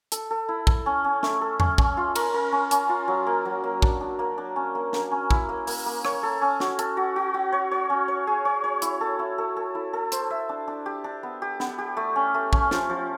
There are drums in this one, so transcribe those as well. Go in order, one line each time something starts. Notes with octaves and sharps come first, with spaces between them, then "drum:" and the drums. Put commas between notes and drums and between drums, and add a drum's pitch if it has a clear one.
A4, drum: hi-hat
A4
E4
A4, drum: kick
C#4
C#4
A3, drum: snare
A4
C#4, drum: tom E2
C#4, drum: kick
F4
A#4, drum: cymbal
A#4
C#4
C#4, drum: hi-hat
F4
F#3
A#3
F#3
A#3
D4, drum: kick
D4
A#3
D4
C#4
A#3
A#3, drum: snare
C#4
E4, drum: kick
A#3
A#3, drum: open hi-hat
A#3
C#5, drum: rim click
A4
C#4
F#4, drum: snare
A4, drum: hi-hat
F#4
F#4
F#4
C#5
C#5
C#4
C#5
G#4
C#5
C#5
E4, drum: hi-hat
A4
E4
A4
A4
E4
A4
C5, drum: hi-hat
E5
D4
D4
G4
D4
B3
G4
B3, drum: snare
G4
A3
C#4
A3
C#4, drum: kick
F3, drum: snare
F3